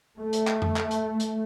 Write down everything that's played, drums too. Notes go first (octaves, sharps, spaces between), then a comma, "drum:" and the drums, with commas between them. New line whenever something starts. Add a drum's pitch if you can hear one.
A3
drum: hi-hat
drum: clap
drum: tom F2
drum: clap
drum: hi-hat
drum: hi-hat